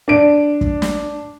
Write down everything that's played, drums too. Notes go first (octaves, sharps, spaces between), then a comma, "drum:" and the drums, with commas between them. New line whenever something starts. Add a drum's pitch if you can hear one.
D4 D7
drum: kick
drum: snare